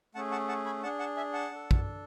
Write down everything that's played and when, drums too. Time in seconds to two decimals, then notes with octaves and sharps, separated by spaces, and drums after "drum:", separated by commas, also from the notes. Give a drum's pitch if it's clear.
0.15 A3 C#4 G#4 F#5 A5
0.31 F#5 A5
0.48 F#5 A5
0.66 G#5 B5
0.83 D4 G#4 F#5 A5
0.99 F#5 A5
1.17 E5 G#5
1.33 F#5 A5
1.51 D4 A4
1.71 drum: kick